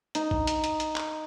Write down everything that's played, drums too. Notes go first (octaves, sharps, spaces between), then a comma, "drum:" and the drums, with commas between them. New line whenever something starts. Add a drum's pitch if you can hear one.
D#4, drum: hi-hat
drum: kick
drum: hi-hat
drum: hi-hat
drum: hi-hat
drum: clap